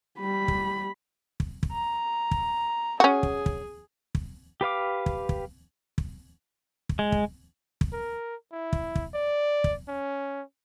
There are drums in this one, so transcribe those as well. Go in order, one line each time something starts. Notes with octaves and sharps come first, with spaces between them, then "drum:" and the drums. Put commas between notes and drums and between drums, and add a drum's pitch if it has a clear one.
G3 B5
drum: kick
drum: kick
drum: kick
A#5
drum: kick
C#4 F#4 G#4
drum: kick
drum: kick
drum: kick
G4 B4 F5 D6
drum: kick
drum: kick
drum: kick
drum: kick
G#3
drum: kick
drum: kick
A#4
E4
drum: kick
drum: kick
D5
drum: kick
C#4